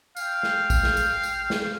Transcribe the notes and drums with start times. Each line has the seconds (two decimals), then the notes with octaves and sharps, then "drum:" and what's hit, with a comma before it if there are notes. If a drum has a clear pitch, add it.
0.17 F5 G5, drum: tambourine
0.43 drum: snare
0.70 drum: kick, tambourine
0.83 drum: snare
0.97 drum: tambourine
1.23 drum: tambourine
1.50 drum: snare